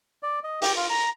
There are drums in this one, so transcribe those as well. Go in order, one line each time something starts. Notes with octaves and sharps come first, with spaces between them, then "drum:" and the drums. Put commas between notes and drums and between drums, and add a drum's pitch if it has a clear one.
D5
D#5
G4, drum: open hi-hat
F4
A#5